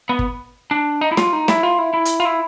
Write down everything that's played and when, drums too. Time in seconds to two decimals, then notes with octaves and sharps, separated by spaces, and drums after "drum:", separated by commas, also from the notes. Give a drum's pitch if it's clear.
0.09 B3
0.19 drum: kick G1
0.71 D4
1.01 D#4
1.12 E4
1.17 F4, drum: snare
1.33 D#4
1.48 E4, drum: snare
1.63 F4
1.79 E4
1.94 E4
2.05 drum: hi-hat
2.20 F4
2.25 E4